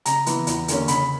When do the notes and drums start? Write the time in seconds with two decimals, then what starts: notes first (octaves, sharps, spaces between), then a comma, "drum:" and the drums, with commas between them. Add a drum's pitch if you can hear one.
0.05 C#3 A#5, drum: hi-hat
0.26 E3 B3, drum: hi-hat
0.47 E2, drum: hi-hat
0.68 D3 A#3 C#4, drum: hi-hat
0.88 C#3 B5, drum: hi-hat